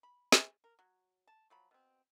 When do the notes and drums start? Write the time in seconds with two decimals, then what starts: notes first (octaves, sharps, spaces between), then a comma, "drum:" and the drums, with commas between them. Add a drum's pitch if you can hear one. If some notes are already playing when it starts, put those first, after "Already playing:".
0.03 B5
0.32 drum: snare
0.64 A#4
0.79 F#3
1.27 A5
1.50 F3 F#3 B5
1.71 B2 C4